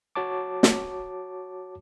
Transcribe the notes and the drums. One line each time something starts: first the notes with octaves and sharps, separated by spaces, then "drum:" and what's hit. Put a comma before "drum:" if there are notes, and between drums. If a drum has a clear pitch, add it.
F#4 C#5 A5 D6
drum: snare